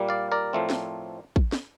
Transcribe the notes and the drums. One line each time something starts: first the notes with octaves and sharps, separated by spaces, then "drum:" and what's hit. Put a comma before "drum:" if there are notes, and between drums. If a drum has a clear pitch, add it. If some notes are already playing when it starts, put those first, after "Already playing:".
Already playing: A#2 G3 A#3
D5 F5
A#4 D5
A2 F3 A3 C4
drum: snare
drum: kick
drum: snare